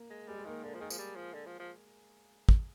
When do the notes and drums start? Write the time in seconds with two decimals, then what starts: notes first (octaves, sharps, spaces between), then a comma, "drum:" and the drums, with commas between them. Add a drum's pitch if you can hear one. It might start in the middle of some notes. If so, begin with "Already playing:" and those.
Already playing: A#3
0.10 G#3
0.28 G3 G#3
0.38 G#3
0.45 D#3 A#3
0.64 D3 A#3
0.74 F3
0.80 D#3 G#4
0.90 F3, drum: tambourine
0.98 G3
1.16 F3
1.33 D3
1.46 F3
1.60 F3
2.49 drum: kick